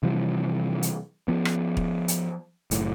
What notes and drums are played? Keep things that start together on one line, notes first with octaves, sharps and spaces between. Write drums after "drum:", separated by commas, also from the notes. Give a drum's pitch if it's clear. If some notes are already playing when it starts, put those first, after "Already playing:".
C3 E3 F3 G3
drum: hi-hat
F3 B3
drum: rim click
drum: kick
drum: hi-hat
F#1 A2, drum: hi-hat